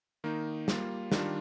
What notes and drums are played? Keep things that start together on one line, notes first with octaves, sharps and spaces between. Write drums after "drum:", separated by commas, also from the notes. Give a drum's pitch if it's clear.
D#3 A#3 D#4
G3 A#3 F4, drum: snare
D#3 G3 D4 F4, drum: snare